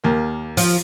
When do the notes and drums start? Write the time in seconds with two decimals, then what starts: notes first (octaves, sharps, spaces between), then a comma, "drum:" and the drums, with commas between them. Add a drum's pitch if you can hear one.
0.04 D#2 A#3
0.57 F3, drum: open hi-hat